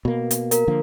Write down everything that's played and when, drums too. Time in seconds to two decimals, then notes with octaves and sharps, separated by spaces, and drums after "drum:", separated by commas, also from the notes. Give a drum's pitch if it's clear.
0.05 B2 A#3
0.31 drum: hi-hat
0.51 A#4, drum: hi-hat
0.68 D3 F3 A#3